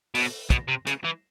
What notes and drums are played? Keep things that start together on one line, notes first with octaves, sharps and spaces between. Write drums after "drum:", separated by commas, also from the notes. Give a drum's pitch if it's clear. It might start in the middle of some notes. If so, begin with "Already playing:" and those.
B2, drum: open hi-hat
B2, drum: kick, hi-hat
C3
C#3, drum: hi-hat
E3